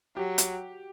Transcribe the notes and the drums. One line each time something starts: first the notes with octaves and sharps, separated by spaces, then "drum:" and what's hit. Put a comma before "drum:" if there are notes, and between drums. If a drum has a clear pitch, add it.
F#3 G4
drum: hi-hat